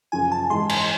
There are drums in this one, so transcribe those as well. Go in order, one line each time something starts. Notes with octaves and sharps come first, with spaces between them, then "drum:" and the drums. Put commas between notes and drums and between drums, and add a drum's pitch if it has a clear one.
F#2 C#3 F3 G#5
A5
G#2 E3 G#3 C6
C6, drum: cymbal